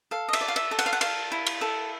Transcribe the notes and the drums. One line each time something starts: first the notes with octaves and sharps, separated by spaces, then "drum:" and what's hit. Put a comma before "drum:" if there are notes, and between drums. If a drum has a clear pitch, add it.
A4 F5
D#5
E5, drum: cymbal
D5
F5
E5, drum: cymbal
A4
F#5, drum: cymbal
F5
F#5
A4 F5, drum: cymbal
E4
drum: cymbal
A4